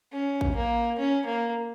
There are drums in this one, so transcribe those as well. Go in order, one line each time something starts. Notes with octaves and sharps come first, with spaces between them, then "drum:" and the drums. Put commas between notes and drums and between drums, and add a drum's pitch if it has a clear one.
C#4
drum: kick A1
A#3
C#4
A#3